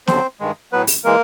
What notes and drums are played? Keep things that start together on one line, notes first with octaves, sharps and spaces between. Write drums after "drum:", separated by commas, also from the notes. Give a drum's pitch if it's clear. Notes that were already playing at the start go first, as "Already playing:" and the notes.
D#2 D3 F#3 C4 C5, drum: snare
G2 D#3 G#3
A2 F#3 B3 B4
drum: open hi-hat
E3 G#3 A#3 A#4